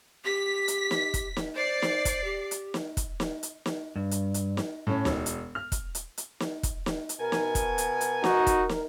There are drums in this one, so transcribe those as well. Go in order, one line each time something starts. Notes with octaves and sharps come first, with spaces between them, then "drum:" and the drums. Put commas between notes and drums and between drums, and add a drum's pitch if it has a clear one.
G4 B6
drum: hi-hat
drum: snare
drum: kick, hi-hat
drum: snare
C5 D5 C7
drum: snare
drum: kick, hi-hat
G4
drum: hi-hat
drum: snare
drum: kick, hi-hat
drum: snare
drum: hi-hat
drum: snare
G2
drum: hi-hat
drum: hi-hat
drum: snare
A2 C#4
E1, drum: snare
drum: hi-hat
F6
drum: kick, hi-hat
drum: hi-hat
drum: hi-hat
drum: snare
drum: kick, hi-hat
drum: snare
drum: hi-hat
B2 A#4 G#5
drum: snare
drum: kick, hi-hat
drum: hi-hat
drum: hi-hat
D#4 F#4, drum: snare
drum: kick, hi-hat
drum: snare